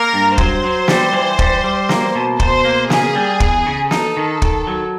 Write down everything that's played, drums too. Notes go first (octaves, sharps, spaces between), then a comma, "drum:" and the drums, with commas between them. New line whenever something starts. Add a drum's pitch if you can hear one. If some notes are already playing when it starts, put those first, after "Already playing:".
Already playing: A#3 A#4
G2
F#3 C5, drum: kick
F#3
G3, drum: snare
E3
G3, drum: kick
G3
A#3, drum: snare
B2
B2 C5, drum: kick
A#3
C#3 G#4, drum: snare
G3
E2, drum: kick
C#3
D#4 A4, drum: snare
D#3
D#3, drum: kick
F#3